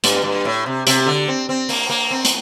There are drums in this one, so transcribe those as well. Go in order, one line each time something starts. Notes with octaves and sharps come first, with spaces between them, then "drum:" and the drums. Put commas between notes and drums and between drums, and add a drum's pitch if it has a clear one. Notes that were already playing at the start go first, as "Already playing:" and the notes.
G2, drum: hi-hat
G2
A2
C3
C3, drum: hi-hat
D3
C4
C4
A#3, drum: open hi-hat
A#3
C4
drum: hi-hat